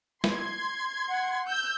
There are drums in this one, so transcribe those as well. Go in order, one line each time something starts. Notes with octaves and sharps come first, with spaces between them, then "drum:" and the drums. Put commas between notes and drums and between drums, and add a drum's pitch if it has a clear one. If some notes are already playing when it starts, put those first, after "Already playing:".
C6 G#6, drum: snare
F#5
E6 G6